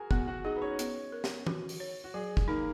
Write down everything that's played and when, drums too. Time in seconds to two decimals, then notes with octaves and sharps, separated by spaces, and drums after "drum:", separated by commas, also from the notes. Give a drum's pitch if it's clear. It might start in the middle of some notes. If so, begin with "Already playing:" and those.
Already playing: F#4 G#4 A#4 G#5
0.11 B3 F#4 F#5, drum: kick
0.21 G#5
0.27 F#4 F#5
0.44 D#4 G#4 D#5
0.56 B4
0.62 C#4 C#5
0.79 B3, drum: hi-hat
1.12 A#4
1.24 drum: snare
1.47 F#4, drum: tom
1.69 drum: open hi-hat
1.80 C#5
2.04 F#4
2.14 F#3 G#4
2.37 drum: kick
2.48 A#3 D#4 A#4